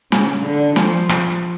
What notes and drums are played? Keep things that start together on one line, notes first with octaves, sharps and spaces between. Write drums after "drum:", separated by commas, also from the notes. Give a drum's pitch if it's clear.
C#3, drum: snare
D3
F3, drum: snare
drum: rim click